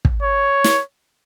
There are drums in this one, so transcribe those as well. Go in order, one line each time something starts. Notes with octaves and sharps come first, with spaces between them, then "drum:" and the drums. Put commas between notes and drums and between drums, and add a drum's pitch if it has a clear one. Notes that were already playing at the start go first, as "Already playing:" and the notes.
drum: kick
C#5
drum: snare